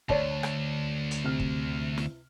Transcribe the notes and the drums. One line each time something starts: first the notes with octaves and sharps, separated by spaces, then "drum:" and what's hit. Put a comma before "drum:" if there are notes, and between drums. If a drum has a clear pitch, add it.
D2 C#5 D5 A5, drum: kick
drum: rim click
drum: hi-hat
C3 F6
drum: kick
drum: snare